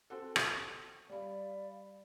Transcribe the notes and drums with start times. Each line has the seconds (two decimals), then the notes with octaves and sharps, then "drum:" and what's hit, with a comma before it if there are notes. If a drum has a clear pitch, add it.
0.10 C4 F#4 A4
0.36 drum: rim click
1.10 G3 D5 F5 B5